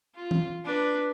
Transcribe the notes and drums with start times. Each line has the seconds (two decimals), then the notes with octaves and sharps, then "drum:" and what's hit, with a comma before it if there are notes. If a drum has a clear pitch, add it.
0.15 F4
0.31 drum: tom E3
0.65 D4 B4